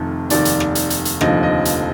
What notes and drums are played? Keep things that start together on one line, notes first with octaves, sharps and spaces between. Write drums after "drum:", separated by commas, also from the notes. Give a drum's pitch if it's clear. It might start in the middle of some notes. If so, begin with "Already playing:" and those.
Already playing: F1 F2 D#3
F1 D#2 D#3 D5, drum: hi-hat
drum: hi-hat
drum: rim click
drum: hi-hat
drum: hi-hat
drum: hi-hat
F1 D#2 D3 F3 D#5, drum: rim click
D#5
drum: hi-hat